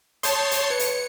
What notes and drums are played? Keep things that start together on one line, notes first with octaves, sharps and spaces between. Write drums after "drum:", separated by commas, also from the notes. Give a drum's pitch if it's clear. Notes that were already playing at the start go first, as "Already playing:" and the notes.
C#5 A5 C6 D#6 G6, drum: hi-hat
drum: hi-hat
B4 G#6 C#7
drum: hi-hat